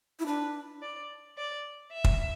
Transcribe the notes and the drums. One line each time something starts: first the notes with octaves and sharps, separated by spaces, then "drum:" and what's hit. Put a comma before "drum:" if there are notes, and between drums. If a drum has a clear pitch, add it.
E4
D4 B4
D5
D5
E5
drum: kick